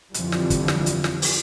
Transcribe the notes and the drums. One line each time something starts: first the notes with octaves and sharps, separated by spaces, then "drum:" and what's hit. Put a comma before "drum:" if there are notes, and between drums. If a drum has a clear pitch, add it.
F2 D3 E3 F3 G3, drum: hi-hat
drum: snare
drum: kick, hi-hat
drum: snare
drum: hi-hat
drum: snare
drum: open hi-hat